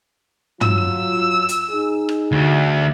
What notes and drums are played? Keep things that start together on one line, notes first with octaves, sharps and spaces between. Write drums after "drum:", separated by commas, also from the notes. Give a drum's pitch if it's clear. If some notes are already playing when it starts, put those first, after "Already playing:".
F#3 F4 E6, drum: tom
drum: hi-hat
D#4 G#4
drum: rim click
D2 F#4